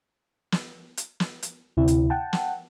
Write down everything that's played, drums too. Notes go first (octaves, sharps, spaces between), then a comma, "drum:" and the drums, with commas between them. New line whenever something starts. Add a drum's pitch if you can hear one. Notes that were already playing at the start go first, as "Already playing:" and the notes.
drum: snare
drum: hi-hat
drum: snare
drum: hi-hat
D2 C3 E4
drum: hi-hat
F#5 G5 A5
drum: snare